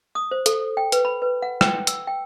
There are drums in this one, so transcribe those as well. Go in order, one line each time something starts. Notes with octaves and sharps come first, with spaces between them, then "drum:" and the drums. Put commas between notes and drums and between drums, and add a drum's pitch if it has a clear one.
D#6
C5
A4, drum: hi-hat
G5
B4, drum: hi-hat
B5
B4
F#5
G5, drum: rim click
E6, drum: hi-hat
G5